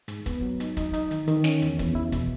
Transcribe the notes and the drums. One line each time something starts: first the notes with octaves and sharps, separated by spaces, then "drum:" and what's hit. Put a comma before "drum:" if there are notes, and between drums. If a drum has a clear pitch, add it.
G#2, drum: hi-hat
B3, drum: kick, hi-hat
F#3
D#4, drum: hi-hat
D#4, drum: kick, hi-hat
D#4, drum: hi-hat
D#3, drum: hi-hat
D#3, drum: hi-hat
C#4, drum: snare
E2, drum: hi-hat
E2, drum: kick, hi-hat
E4
B2, drum: kick, hi-hat